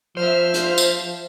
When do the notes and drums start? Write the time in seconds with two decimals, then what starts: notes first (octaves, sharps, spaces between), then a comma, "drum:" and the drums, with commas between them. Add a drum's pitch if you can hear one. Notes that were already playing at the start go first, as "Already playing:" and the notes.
0.17 F3 C5 E5 F6
0.54 drum: hi-hat
0.78 drum: tambourine